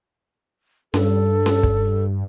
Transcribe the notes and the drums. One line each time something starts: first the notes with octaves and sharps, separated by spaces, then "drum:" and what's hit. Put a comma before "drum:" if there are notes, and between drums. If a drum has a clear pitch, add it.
G2 A4, drum: snare C#4
drum: snare C#4
drum: kick